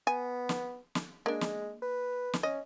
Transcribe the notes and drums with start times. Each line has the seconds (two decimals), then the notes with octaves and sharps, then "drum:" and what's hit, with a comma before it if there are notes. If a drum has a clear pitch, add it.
0.07 B3 G#5
0.49 drum: snare
0.95 drum: snare
1.26 G#3 A#3 D4
1.41 drum: snare
1.82 B4
2.33 drum: snare
2.43 C#4 D#5